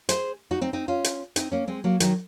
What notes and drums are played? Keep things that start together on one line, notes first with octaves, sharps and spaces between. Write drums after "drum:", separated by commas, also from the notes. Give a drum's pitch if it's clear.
G#4 C5, drum: hi-hat
D#4 F#4
C4 D#4
C4 D#4
C#4 F4
drum: hi-hat
C4 D#4, drum: hi-hat
A#3 C#4
G#3 C4
F#3 A#3
D#3 F#3, drum: hi-hat